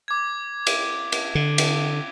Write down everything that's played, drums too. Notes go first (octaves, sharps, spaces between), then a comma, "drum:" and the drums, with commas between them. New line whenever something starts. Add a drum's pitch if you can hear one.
D6 G#6
drum: cymbal
drum: cymbal
D3
drum: cymbal